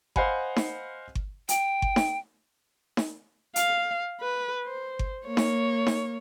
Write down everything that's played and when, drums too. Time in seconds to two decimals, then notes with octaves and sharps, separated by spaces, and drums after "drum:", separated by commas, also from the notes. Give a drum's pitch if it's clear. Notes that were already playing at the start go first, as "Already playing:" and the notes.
0.16 C5 D#5 F5 F#5 G#5 B5, drum: kick G1
0.56 drum: snare D#4
1.15 drum: kick G1
1.49 G5, drum: hi-hat
1.82 drum: kick G1
1.96 drum: snare D#4
2.97 drum: snare D#4
3.56 F5, drum: hi-hat
4.21 B4
4.65 C5
4.99 drum: kick G1
5.26 A#3 C#5
5.37 drum: snare D#4
5.87 drum: snare D#4